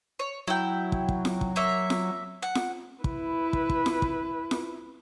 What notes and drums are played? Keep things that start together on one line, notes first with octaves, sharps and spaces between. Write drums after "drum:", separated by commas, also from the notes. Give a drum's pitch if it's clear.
C#5
F#3 E4 G5
drum: kick
drum: kick
drum: snare F4
drum: kick
A#3 C#5 E5
drum: snare F4
F#5
drum: snare F4
E4 B4, drum: kick
drum: kick
drum: kick
drum: snare F4
drum: kick
drum: snare F4